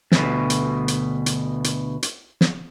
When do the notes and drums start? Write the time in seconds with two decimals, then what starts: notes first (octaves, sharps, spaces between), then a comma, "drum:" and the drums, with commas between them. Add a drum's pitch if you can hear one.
0.12 D2 B2, drum: snare
0.50 drum: hi-hat
0.88 drum: hi-hat
1.26 drum: hi-hat
1.64 drum: hi-hat
2.03 drum: hi-hat
2.41 drum: snare